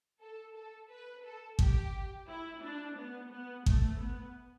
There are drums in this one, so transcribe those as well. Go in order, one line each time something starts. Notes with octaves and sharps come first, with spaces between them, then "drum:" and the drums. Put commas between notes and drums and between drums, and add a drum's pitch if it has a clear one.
A4
A4
B4
A4
G4, drum: kick G#1
E4
D4
B3
B3
A3, drum: kick G#1
B3